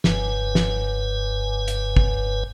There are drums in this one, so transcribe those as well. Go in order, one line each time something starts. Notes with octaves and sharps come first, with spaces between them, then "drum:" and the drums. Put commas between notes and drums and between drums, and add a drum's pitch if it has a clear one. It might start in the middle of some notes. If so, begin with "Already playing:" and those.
F#1 G2 B4 G#5, drum: snare
drum: snare
drum: hi-hat
drum: kick